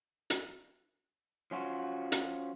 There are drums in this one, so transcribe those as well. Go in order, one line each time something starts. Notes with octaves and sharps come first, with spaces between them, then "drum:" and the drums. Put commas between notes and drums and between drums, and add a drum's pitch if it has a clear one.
drum: hi-hat
F3 C#4 F4 F#4
drum: hi-hat